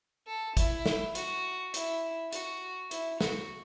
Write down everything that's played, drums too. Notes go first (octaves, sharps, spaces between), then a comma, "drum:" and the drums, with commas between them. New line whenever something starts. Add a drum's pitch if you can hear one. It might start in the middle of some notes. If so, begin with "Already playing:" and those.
A4
E4, drum: kick, hi-hat
drum: snare
F#4, drum: hi-hat
E4, drum: hi-hat
F#4, drum: hi-hat
E4, drum: hi-hat
F#4, drum: snare